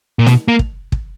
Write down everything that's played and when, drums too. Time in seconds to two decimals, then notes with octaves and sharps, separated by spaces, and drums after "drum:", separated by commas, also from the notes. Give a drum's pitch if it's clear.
0.19 A#2
0.26 B2, drum: snare
0.48 A#3
0.59 drum: kick
0.92 drum: kick